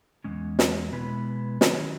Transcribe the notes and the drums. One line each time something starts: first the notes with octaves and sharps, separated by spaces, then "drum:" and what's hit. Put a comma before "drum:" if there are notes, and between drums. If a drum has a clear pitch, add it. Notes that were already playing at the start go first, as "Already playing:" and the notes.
E2 C#3 G#3 C#4
drum: snare
B2 G#3 B3 E4 B4
D#3 F#3 C#4 E4, drum: snare